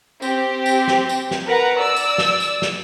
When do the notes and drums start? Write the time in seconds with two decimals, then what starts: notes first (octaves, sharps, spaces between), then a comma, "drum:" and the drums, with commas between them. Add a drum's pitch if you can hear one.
0.22 C4 G4, drum: tambourine
0.66 drum: tambourine
0.88 drum: snare
1.09 drum: tambourine
1.31 drum: snare
1.47 A#4 B4 F#5 A#5
1.80 D5 E6
1.97 drum: tambourine
2.18 drum: snare
2.40 drum: tambourine
2.62 drum: snare